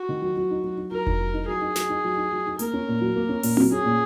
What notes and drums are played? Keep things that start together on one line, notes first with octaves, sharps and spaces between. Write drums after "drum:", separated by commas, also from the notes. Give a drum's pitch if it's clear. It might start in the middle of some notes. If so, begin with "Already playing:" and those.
Already playing: F#4
D#3
F#3
F#3
D#4
F#3
D#4
F#3 A#4
D#4, drum: kick F1
F#3
D#4
F#3 G#4
D#4
F#3, drum: snare
D#4
F#3
D#4
F#3
D#4
A#3 A#4, drum: hi-hat
C#4
A#2
F#3
A#3
C#4
A#2, drum: open hi-hat
F#3, drum: tom C4
C#4 G#4
A#2